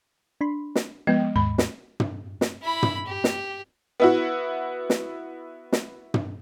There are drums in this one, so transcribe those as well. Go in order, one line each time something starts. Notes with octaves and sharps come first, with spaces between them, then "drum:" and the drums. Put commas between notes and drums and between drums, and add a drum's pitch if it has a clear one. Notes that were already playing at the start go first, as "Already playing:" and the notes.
D4 B5 C6
drum: snare
F3 G#3 B3 D#5 G5
D#2 G#2 B5
drum: snare
drum: tom
drum: snare
E4 B5
drum: tom
G4
drum: snare
B3 E4 F#4
drum: snare
drum: snare
drum: tom